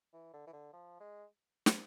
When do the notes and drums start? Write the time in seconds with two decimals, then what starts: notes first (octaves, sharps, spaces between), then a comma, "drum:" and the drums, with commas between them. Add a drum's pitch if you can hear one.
0.13 E3
0.33 D3
0.47 E3
0.53 D3
0.73 F3
1.00 G#3
1.66 drum: snare